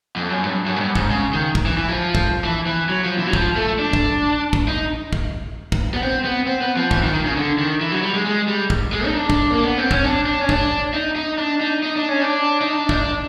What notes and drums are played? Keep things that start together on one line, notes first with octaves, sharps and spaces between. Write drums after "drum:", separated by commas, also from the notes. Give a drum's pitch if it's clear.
F2
F#2
G2
F#2
G#2
G2
G#2, drum: kick
C#3
D#3
drum: kick
E3
E3
F3
drum: kick
E3
E3
F#3
F3
E3
F#3
F3, drum: kick
A3
D4
drum: kick
drum: kick
D#4
drum: kick
drum: kick
B3
C4
B3
C4
B3
F3
E3, drum: kick
D#3
D#3
C#3
D3
D#3
E3
F#3
G3
G#3
G#3
G3
drum: kick
G#3
D#4
D4
drum: kick
A#3
B3
C4
C#4, drum: kick
D4
D4
C#4
D4, drum: kick
D#4
D#4
D4
D#4
D#4
D4
C#4
D4
D#4
D4
D#4, drum: kick
D4